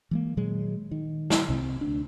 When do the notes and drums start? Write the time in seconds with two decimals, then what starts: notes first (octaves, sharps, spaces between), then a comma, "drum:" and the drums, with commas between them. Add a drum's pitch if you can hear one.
0.11 E3 G#3 A#3
0.37 A#2 D#3 F#3 G#3
0.91 D#3
1.30 drum: snare
1.49 C2 C3
1.81 D2 D4